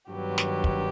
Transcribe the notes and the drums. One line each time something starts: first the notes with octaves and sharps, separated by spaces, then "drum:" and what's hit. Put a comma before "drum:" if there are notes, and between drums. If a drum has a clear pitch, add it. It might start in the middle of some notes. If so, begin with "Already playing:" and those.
G2 D#3 F#3 B3 G4
drum: snare
drum: kick